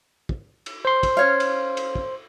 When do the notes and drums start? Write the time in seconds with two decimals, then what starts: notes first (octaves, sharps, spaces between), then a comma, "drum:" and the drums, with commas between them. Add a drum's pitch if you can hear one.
0.29 drum: kick
0.66 drum: cymbal
0.85 C5 C6
1.03 drum: kick, cymbal
1.17 C#4 C#5 F5
1.40 drum: cymbal
1.77 drum: cymbal
1.95 drum: kick